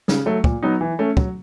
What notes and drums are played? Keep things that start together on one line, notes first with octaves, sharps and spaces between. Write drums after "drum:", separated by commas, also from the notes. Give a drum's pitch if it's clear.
C#3, drum: snare
F#3 A3
A#2, drum: kick
F#3 B3 D#4
E3
A3 C#4
F#3, drum: kick